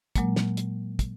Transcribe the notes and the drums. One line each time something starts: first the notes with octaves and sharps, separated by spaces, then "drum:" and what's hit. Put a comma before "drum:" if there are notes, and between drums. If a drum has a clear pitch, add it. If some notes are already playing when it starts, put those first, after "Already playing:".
A#2 F#3 G#3 A#3, drum: kick, hi-hat
drum: snare
drum: hi-hat
drum: kick, hi-hat